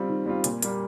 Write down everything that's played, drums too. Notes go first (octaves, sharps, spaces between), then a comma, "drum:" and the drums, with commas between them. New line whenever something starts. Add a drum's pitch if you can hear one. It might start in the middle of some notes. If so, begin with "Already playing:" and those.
Already playing: G3 C4 F4
D#3
G3 C4 F4
A#2, drum: hi-hat
G3 A#3, drum: hi-hat